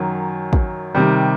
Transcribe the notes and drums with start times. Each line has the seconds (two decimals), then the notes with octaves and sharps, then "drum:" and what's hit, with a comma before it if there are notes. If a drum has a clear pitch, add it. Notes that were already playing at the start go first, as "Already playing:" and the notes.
Already playing: F#2 D#3 F#3
0.53 drum: kick
0.95 C3 D#3 G3